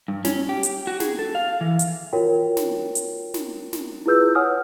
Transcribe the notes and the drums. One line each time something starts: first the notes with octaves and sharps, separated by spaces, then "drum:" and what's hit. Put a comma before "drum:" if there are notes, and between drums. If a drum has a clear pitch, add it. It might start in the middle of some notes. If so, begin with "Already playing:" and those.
G2
C#4, drum: snare
G4
drum: hi-hat
F#4
G#4, drum: snare
A4
F5
E3
drum: hi-hat
F4 F#4 A#4 C#5 G5
drum: snare
drum: hi-hat
drum: snare
drum: snare
E4 F4 G#4 B4 E6 G6
B4 C#5 F#5 G#5 D#6 F6